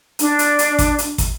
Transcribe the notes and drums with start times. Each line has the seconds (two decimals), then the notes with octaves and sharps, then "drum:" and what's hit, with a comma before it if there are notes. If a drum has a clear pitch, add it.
0.19 D4, drum: hi-hat
0.39 drum: hi-hat
0.59 drum: hi-hat
0.79 drum: kick, hi-hat
0.98 drum: hi-hat
1.18 drum: kick, hi-hat